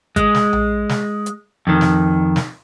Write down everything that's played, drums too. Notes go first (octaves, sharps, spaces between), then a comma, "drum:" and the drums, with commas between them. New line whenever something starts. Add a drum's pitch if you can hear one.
G#3, drum: kick G#1, hi-hat
drum: snare
drum: tom A#1
drum: snare
drum: hi-hat
F2 D#3
drum: snare
drum: snare